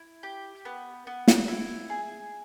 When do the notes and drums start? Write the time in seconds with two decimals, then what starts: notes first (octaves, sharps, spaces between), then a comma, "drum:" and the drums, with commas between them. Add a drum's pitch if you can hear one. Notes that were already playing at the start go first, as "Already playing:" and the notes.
Already playing: E4
0.23 G4
0.65 B3
1.07 B3
1.28 drum: snare
1.48 E4
1.90 G#4